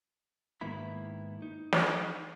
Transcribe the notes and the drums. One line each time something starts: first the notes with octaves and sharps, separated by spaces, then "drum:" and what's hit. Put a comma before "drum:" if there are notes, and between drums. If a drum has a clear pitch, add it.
G#2 D#3 A#3 B3 E4 B5
D#4
drum: snare